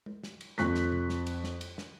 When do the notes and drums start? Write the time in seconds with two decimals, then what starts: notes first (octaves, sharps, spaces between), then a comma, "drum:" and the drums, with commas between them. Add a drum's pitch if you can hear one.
0.06 drum: tom G#3
0.23 drum: snare
0.41 drum: cymbal
0.58 F2 C4 C#6 F#6 B6, drum: snare
0.75 drum: snare
0.92 drum: tom C3
1.09 drum: snare
1.27 drum: cymbal
1.44 drum: snare
1.61 drum: cymbal
1.78 drum: snare